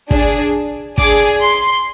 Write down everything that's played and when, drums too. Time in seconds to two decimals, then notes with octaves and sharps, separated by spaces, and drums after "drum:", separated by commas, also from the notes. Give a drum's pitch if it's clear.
0.11 D4 G#4, drum: kick
0.98 D4 G#4 D6, drum: kick
1.43 C6